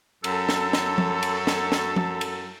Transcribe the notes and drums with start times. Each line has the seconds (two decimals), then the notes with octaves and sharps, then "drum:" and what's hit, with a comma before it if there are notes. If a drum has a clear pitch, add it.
0.24 F#2 A4, drum: cymbal
0.49 drum: snare
0.73 drum: snare
0.98 drum: tom F3
1.23 drum: cymbal
1.47 drum: snare
1.72 drum: snare
1.96 drum: tom F3
2.21 drum: cymbal